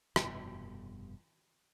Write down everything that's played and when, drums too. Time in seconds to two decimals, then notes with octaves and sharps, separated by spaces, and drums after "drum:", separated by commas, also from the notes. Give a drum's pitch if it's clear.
0.16 F1 G2 B2, drum: rim click